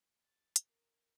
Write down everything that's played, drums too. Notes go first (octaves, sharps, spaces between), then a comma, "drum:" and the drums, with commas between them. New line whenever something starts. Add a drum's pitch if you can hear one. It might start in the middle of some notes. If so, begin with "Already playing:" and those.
A6
drum: hi-hat
A#4